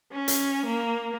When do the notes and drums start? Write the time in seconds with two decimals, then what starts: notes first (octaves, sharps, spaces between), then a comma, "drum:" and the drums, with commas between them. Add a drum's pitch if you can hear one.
0.12 C#4
0.28 drum: hi-hat
0.66 A#3